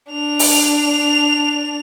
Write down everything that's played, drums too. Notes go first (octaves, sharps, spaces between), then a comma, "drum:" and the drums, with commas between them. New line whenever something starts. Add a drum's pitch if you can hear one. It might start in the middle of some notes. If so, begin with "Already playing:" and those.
D4 F7
drum: open hi-hat